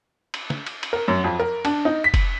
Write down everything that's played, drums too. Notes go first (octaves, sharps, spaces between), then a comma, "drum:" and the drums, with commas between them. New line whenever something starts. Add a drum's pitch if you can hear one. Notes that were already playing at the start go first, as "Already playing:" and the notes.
drum: cymbal
drum: snare
drum: cymbal
drum: cymbal
A#4
F#2
F2
A#4
D4, drum: cymbal
D#4
B6
drum: kick, cymbal